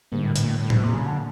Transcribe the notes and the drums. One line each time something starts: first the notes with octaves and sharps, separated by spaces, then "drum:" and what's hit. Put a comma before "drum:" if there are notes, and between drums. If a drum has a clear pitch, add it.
G#2 D3 G3 A#3
A2
A2, drum: hi-hat
A#2
A2
A2
B2, drum: tom A2
A2 C3 F#3 A#3
C#3
D3